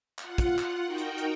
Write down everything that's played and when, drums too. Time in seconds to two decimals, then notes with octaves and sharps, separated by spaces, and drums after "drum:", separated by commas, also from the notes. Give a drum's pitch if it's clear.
0.18 F4 F#5, drum: clap
0.38 drum: kick, hi-hat
0.58 drum: clap
0.84 D#4 F#4 A#4 G5
0.98 drum: hi-hat
1.18 drum: hi-hat